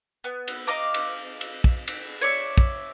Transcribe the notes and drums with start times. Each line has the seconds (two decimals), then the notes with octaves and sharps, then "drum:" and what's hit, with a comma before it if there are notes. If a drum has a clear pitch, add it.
0.24 B3
0.48 drum: cymbal
0.67 D#5 F5 A#5 D6
0.94 drum: cymbal
1.41 drum: cymbal
1.64 drum: kick
1.88 drum: cymbal
2.21 C#5 D5 E5
2.58 drum: kick